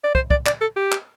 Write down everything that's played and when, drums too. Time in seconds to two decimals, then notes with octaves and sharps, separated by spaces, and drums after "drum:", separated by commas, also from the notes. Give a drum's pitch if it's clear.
0.04 D5
0.15 C5, drum: kick
0.30 D5, drum: kick
0.46 D5, drum: clap
0.61 A4
0.76 G4
0.92 drum: clap